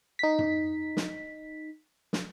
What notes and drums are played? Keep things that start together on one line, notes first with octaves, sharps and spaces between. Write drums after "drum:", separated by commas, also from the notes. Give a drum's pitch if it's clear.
D#4 B6
drum: tom F#2
drum: snare
drum: snare